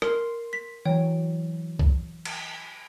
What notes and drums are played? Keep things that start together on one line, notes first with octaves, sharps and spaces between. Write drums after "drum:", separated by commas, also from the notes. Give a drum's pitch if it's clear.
A#4 C6, drum: rim click
B6
E3 F#3 C#5 G5
drum: kick C2
drum: cymbal